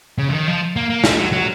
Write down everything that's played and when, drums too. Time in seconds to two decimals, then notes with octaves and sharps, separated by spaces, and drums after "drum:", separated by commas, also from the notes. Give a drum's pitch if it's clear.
0.18 C#3
0.29 F3
0.33 D#3
0.47 F3
0.76 A#3
0.90 A#3
1.04 A3, drum: snare
1.19 F#3
1.32 F#3